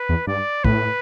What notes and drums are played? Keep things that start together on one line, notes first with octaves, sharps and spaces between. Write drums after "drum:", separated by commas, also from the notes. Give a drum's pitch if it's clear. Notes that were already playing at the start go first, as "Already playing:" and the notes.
Already playing: B4
E2
G2 D5
A2 B4, drum: kick